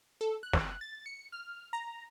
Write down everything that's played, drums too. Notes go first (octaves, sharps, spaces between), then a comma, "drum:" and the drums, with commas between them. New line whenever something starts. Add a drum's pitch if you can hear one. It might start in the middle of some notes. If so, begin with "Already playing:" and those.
A4
F#6
drum: snare
A6
C#7
F6
A#5